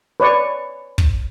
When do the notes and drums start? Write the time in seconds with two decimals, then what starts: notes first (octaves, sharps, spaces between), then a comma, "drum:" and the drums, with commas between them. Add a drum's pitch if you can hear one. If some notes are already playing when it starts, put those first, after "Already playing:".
0.20 B4 C#5 D5 C#6
0.98 drum: kick